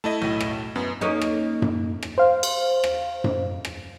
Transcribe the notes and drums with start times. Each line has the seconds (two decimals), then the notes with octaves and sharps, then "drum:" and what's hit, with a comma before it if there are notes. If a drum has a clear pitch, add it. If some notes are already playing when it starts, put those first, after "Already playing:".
0.04 A3 E4 D#5 A5
0.22 B1 A2
0.40 drum: rim click
0.76 F#2 B3
1.01 A#3 C#4 D#4
1.22 drum: rim click
1.62 drum: tom F#2
2.03 drum: rim click
2.18 C5 F5
2.43 drum: cymbal
2.84 drum: rim click
3.24 drum: tom F#2
3.65 drum: rim click